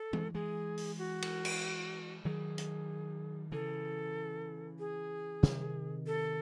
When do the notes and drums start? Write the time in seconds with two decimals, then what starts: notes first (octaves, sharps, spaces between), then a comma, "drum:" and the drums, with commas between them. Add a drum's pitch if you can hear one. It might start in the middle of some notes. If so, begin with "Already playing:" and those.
Already playing: A4
0.13 E3 G#3, drum: tom
0.34 E3 G#3 G#4
0.78 drum: open hi-hat
0.98 F#4
1.22 drum: cymbal
1.45 drum: cymbal
2.25 D#3 F#3 G#4
2.58 drum: hi-hat
3.52 C#3 E3 A4
4.79 G#4
5.43 C3 D#3, drum: snare
6.07 A4